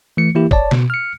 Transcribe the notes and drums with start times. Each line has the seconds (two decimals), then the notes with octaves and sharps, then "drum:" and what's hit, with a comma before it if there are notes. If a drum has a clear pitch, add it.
0.17 E3 A3 C#7
0.35 E3 A#3 E4 G4
0.51 C#5 D5 A5, drum: kick
0.71 B2, drum: snare
0.90 F6 C#7